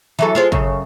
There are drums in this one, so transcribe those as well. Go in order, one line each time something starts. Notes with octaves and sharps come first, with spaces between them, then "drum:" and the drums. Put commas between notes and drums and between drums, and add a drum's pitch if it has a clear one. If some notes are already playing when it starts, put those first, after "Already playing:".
E3 F#3 A4
G#3 F4 C5
F#2 C#3, drum: kick